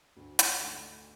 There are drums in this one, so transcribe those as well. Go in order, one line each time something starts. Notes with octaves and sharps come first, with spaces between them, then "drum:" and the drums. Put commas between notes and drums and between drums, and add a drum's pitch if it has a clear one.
D2
drum: hi-hat
D3 A3 D#4